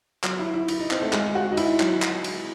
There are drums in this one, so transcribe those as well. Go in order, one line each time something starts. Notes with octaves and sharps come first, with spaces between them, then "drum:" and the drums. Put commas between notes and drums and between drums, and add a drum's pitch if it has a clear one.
F#3, drum: clap
E4
E4
E4, drum: cymbal
D#4
C4, drum: clap
A3
G#3, drum: clap
F#4
D#4
E4, drum: cymbal
F#3, drum: clap
drum: clap
drum: cymbal